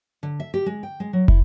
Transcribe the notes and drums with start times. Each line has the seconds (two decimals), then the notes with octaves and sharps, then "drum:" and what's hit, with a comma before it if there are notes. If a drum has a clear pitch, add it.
0.23 D3
0.40 E5
0.54 G4
0.66 G#3
0.83 G5
1.00 G#3
1.13 F#3
1.28 E4, drum: kick